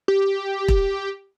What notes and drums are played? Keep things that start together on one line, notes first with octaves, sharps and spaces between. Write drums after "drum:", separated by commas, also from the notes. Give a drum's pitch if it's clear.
G4
drum: kick E1